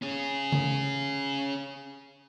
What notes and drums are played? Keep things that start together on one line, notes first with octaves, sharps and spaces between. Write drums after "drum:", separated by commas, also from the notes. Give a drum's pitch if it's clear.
C#4 G#4
drum: tom C#3